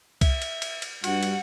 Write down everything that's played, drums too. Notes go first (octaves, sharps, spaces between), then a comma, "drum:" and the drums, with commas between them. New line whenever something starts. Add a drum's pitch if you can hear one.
E5, drum: kick C2, cymbal
drum: cymbal
drum: cymbal
drum: cymbal
G2 F#4 F#5, drum: cymbal
drum: cymbal